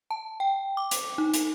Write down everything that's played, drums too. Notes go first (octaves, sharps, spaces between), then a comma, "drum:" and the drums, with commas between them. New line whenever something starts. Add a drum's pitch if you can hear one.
A5
G5
D6
drum: hi-hat
D#4
drum: hi-hat